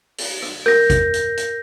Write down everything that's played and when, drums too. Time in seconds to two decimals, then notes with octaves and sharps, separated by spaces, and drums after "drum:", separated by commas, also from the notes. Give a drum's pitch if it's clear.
0.18 drum: open hi-hat
0.42 drum: rim click
0.66 A#4 G6 A#6, drum: rim click
0.90 drum: kick G#1, hi-hat
1.14 drum: hi-hat
1.37 drum: hi-hat